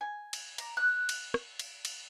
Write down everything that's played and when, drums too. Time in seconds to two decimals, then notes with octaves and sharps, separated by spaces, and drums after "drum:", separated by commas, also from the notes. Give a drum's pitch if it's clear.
0.01 G#5
0.33 drum: cymbal
0.58 A#5, drum: cymbal
0.77 F#6
1.09 drum: cymbal
1.34 drum: rim click
1.59 drum: cymbal
1.85 drum: cymbal